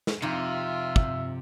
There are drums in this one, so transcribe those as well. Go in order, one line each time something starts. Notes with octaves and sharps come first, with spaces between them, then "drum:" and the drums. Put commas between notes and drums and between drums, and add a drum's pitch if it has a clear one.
drum: snare
F2 C3 D#4 F4 E5
drum: kick